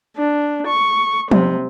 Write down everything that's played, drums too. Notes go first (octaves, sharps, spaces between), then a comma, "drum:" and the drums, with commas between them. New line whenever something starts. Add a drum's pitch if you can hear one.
D4
C#6
C3, drum: tom F3